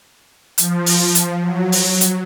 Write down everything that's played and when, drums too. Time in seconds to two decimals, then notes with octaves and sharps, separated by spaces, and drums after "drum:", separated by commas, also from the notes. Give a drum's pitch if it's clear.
0.58 F3, drum: hi-hat
0.86 drum: open hi-hat
1.15 drum: hi-hat
1.40 F#3
1.72 drum: open hi-hat
2.01 drum: hi-hat